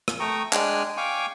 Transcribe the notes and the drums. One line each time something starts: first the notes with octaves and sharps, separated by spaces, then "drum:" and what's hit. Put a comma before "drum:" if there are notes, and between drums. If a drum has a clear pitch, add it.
drum: rim click
A3 G5 A#5 C#6 D#6
G#3 D4 G5 G#5 F6 F#6, drum: clap
F5 G5 G#5 C#6 D6